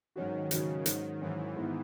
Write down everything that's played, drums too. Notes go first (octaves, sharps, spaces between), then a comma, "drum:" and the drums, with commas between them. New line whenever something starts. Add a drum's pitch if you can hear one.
G#2 D#3 F#3 C#4 F#4
G#2 C#3 F#3 C#4 F#4, drum: hi-hat
G#2 D#3 F#3 C#4 F#4, drum: hi-hat
G#2 E3 F#3 C#4 F#4
G#2 E3 B3